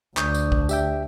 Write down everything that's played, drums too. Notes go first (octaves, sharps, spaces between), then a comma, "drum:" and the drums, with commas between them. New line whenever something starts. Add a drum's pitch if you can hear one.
D2 D4 C#6 D#6 G6, drum: clap
drum: tambourine
drum: kick
G4 E5 G5, drum: tambourine